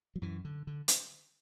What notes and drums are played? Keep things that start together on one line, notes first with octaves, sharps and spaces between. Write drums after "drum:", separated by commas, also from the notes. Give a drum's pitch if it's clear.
F#3
F#2 E3
D3
D3
drum: hi-hat